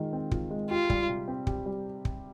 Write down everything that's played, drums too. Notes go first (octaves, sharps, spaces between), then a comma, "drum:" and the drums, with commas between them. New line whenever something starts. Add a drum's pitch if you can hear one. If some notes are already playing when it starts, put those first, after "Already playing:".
Already playing: D#3 G#3 F4
C4
F4, drum: kick
G#3
F4 G4
G3, drum: kick
C3
C4
G4, drum: kick
G3
drum: kick